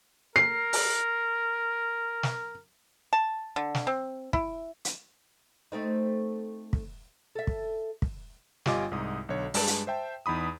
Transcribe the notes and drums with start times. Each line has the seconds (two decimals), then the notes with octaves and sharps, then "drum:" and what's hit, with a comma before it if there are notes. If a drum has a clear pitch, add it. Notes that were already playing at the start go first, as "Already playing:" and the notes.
0.36 A#4 C7
0.73 drum: open hi-hat
2.23 drum: snare
3.13 A5
3.56 D3
3.75 drum: snare
3.87 C4
4.33 E4, drum: kick
4.85 drum: hi-hat
5.72 A3 C4 D#4
6.73 drum: kick
7.35 A4 E5
7.47 drum: kick
8.02 drum: kick
8.66 G1 G3 F4 D#5 G#5 D6, drum: snare
8.91 C2 G#2 D#4 D#6
9.29 B1 D3 C#5
9.54 G2 G#3 B4 A5 E7, drum: open hi-hat
9.67 drum: hi-hat
9.87 C5 E5 G5 A5
10.26 E2 D#4 B5 D#6